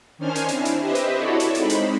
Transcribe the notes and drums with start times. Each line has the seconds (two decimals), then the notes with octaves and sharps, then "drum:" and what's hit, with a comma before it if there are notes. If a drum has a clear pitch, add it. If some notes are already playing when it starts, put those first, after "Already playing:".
0.18 D#3 C#4 D4 C5 G#5 F6
0.35 drum: hi-hat
0.49 C4 D4 E4, drum: hi-hat
0.65 drum: hi-hat
0.80 G4 B4 C5 D#5 E5
0.95 drum: hi-hat
1.17 E4 F#4 A4 C#5 D5
1.40 drum: hi-hat
1.55 G#3 C4 D#4 B5, drum: hi-hat
1.70 drum: hi-hat